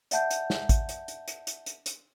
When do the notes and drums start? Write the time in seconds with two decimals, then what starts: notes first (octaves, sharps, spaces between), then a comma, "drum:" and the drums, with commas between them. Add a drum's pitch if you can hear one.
0.11 D5 E5 F#5 A5 G6, drum: hi-hat
0.31 drum: hi-hat
0.50 drum: snare
0.69 drum: kick, hi-hat
0.89 drum: hi-hat
1.08 drum: hi-hat
1.28 drum: hi-hat
1.47 drum: hi-hat
1.66 drum: hi-hat
1.86 drum: hi-hat